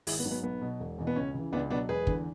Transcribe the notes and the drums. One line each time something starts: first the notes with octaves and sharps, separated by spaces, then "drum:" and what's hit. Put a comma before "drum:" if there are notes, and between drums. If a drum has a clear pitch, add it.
G#1 E4 G#4, drum: open hi-hat
B3
G#2 F#3
B3
B1 B3
B2 F#3
E1
E2 B2
B3
C#2 C#4
C#3 E3
C#2 B3 D4
B2 F#3 B3 D4
E1 G#4 B4
E2 D3, drum: kick